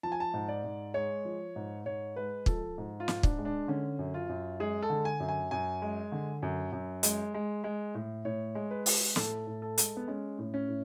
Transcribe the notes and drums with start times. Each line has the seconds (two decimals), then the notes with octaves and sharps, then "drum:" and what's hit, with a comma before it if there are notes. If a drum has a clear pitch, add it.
0.03 F3 A5
0.12 G#5
0.20 A5
0.34 G#2
0.49 D5
0.64 G#2
0.94 G#3 C#5
1.25 F3
1.56 G#2
1.85 G#2 C#5
2.16 G#3 B4
2.46 F3 A4, drum: kick
2.78 G#2
3.00 F4
3.08 G#2, drum: snare
3.23 D4, drum: kick
3.38 G#3
3.45 D4
3.68 D3 C#4
3.99 F#2
4.14 F4
4.29 F#2
4.60 G#3 G#4
4.82 A4
4.90 D3
5.05 G#5
5.20 F#2
5.28 G#5
5.51 F#2 G#5
5.82 G#3
6.12 D3
6.42 F#2
6.72 F#2
7.03 G#3, drum: hi-hat
7.34 G#3
7.64 G#3
7.95 A2
8.25 A2 C#5
8.55 G#3
8.71 B4
8.86 G#3, drum: open hi-hat
9.16 A2 A4, drum: snare
9.47 A2
9.62 A4
9.78 G#3, drum: hi-hat
9.97 B3
10.08 G#3 C#4
10.39 A2
10.54 C#4
10.68 A2